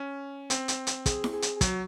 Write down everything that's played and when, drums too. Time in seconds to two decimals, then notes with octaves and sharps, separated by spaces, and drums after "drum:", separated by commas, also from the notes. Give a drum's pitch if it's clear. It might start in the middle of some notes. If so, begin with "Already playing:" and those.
Already playing: C#4
0.50 C4, drum: hi-hat
0.68 drum: hi-hat
0.87 drum: hi-hat
1.06 G#4, drum: kick, hi-hat
1.24 drum: snare E4
1.33 G#4
1.42 drum: hi-hat
1.56 G#4
1.61 F#3 F#4, drum: kick, hi-hat